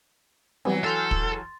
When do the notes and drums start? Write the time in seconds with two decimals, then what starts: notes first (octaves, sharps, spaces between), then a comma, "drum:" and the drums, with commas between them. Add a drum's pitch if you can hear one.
0.65 E3 F#3 G3 B3 C4 G#5
0.84 A4 C6 E6 F6 G6 A6
1.11 drum: kick